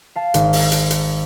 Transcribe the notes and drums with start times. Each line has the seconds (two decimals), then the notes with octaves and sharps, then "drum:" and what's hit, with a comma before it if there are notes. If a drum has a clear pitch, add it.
0.16 F5 A5
0.34 G#1, drum: hi-hat
0.53 drum: open hi-hat
0.72 drum: hi-hat
0.90 drum: hi-hat